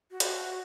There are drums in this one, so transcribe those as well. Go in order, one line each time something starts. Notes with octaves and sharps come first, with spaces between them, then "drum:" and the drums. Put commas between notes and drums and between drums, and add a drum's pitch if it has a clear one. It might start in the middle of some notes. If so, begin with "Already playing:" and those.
F#4
drum: hi-hat